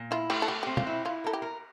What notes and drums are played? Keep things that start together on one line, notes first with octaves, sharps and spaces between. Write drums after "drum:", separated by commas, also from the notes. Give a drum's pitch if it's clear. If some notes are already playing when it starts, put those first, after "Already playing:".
Already playing: A#2
E4 F4
A3 G4, drum: cymbal
A4
A3 G4
G4
C4
F4, drum: tom
E4
E4 F4
A4 A#4
G4
A#4